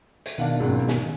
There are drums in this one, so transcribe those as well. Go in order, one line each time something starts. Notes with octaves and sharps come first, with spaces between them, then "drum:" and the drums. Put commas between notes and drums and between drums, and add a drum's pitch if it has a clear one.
drum: hi-hat
B2 D#3 D4 F5 F#5
G#1 C#2 F#2
G#5, drum: snare